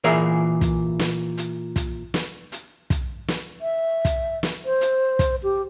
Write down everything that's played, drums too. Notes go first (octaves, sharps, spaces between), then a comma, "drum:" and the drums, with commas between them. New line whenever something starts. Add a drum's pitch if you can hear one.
A#2 E3 G#4 A#4 E5
drum: kick, hi-hat
drum: snare
drum: hi-hat
drum: kick, hi-hat
drum: snare
drum: hi-hat
drum: kick, hi-hat
drum: snare
E5
drum: kick, hi-hat
drum: snare
C5
drum: hi-hat
drum: kick, hi-hat
G4